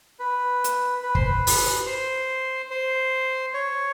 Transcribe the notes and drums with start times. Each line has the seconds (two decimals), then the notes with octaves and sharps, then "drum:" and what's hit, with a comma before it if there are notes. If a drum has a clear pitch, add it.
0.19 B4
0.64 drum: hi-hat
1.03 B4
1.15 C5, drum: kick
1.26 B4
1.47 drum: open hi-hat
1.86 C5
2.71 C5
3.54 C#5